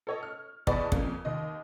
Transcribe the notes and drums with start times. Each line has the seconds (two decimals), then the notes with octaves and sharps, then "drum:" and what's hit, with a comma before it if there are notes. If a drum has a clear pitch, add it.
0.07 A4 C#5 D#5
0.23 F6
0.67 E2 B4 D5 D#5 A5 C#6, drum: kick
0.92 F2 A#3 C#4, drum: kick
1.25 D#2 D#5